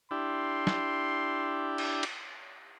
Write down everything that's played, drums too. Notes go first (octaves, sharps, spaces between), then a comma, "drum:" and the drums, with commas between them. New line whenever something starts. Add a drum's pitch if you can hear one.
D4 E4 G4 C6
drum: snare
drum: cymbal
drum: cymbal